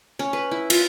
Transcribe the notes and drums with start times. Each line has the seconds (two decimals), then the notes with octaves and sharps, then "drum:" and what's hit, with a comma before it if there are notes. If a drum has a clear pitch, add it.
0.19 C#4
0.33 B4
0.51 E4
0.70 F4, drum: cymbal